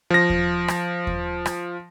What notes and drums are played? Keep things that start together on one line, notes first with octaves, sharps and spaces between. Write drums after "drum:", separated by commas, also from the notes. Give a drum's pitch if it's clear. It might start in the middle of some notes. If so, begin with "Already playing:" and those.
F3 A#6
drum: kick D#2
drum: rim click
drum: kick D#2
drum: rim click